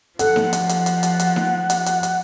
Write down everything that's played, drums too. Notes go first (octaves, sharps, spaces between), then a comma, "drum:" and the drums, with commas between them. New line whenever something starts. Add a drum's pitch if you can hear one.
F3 A4 F#5, drum: hi-hat
drum: snare D#4
drum: hi-hat
drum: hi-hat
drum: hi-hat
drum: hi-hat
drum: hi-hat
drum: snare D#4
drum: hi-hat
drum: hi-hat
drum: hi-hat